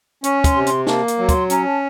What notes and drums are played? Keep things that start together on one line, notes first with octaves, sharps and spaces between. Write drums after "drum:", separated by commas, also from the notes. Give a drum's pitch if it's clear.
C#4 C#6, drum: hi-hat
C6, drum: kick, hi-hat
C3
C6, drum: hi-hat
A#3 A5, drum: snare
drum: hi-hat
F#3
C6, drum: kick, hi-hat
C#4 A#5, drum: hi-hat
A5